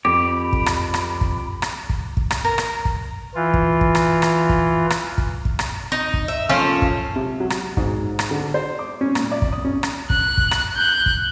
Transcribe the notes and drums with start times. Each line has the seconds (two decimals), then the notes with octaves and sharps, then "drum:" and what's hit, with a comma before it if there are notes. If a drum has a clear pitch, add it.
0.05 F2 G4 B5 D6
0.53 drum: kick
0.66 drum: rim click
0.94 drum: rim click
1.21 drum: kick
1.62 drum: rim click
1.89 drum: kick
2.17 drum: kick
2.31 drum: rim click
2.45 A#4
2.58 drum: rim click
2.85 drum: kick
3.35 E3 F4
3.54 drum: kick
3.81 drum: kick
3.95 drum: rim click
4.22 drum: rim click
4.49 drum: kick
4.90 drum: rim click
5.18 drum: kick
5.45 drum: kick
5.59 drum: rim click
5.92 D#4
6.14 drum: kick
6.28 E5
6.49 F3 A3 A#3 C#4
6.82 drum: kick
7.16 C3
7.40 F#3
7.50 drum: rim click
7.77 G#2, drum: kick
8.19 drum: rim click
8.31 D3
8.54 C5
8.79 D6
9.01 C#4
9.15 A#2, drum: rim click
9.32 D5
9.42 drum: kick
9.52 D#6
9.65 C#4
9.83 drum: rim click
10.10 F#6, drum: kick
10.38 drum: kick
10.51 drum: rim click
10.75 F#6 G6
11.06 drum: kick